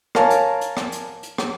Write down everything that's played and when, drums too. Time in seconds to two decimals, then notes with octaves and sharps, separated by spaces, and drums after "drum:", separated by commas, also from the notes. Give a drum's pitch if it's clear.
0.15 A#4 C#5 F5 G#5 A5, drum: rim click
0.30 drum: hi-hat
0.61 drum: hi-hat
0.77 drum: rim click
0.92 drum: hi-hat
1.23 drum: hi-hat
1.38 drum: rim click